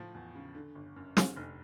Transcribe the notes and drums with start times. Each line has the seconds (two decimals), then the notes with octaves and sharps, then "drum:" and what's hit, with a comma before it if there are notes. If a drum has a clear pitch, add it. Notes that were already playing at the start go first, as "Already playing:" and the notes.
Already playing: A2 F3
0.14 E2
0.35 C#3
0.55 D3
0.75 G1
0.96 F#2
1.17 D3, drum: snare
1.36 F1